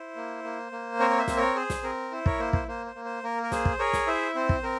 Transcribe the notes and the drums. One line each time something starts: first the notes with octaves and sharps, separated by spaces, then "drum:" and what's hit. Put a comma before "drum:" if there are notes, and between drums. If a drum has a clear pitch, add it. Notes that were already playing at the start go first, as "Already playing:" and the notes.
Already playing: E4 C5
A#3
A#3
A#3
C4 A#4 C#5
C#5
C5 E5
C4, drum: snare
A#4 C#5
G#4 C5
drum: snare
C4 A#4
E4 C5
A#4 C#5, drum: kick
A#3 C5
C5, drum: kick
A#3 C5
C5
A#3
C5
A#3 A#4
A#4
G#4 C5, drum: snare
drum: kick
G#4 A#4 C#5
drum: snare
E4 C5 E5
C4 C5
drum: kick
C4 A#4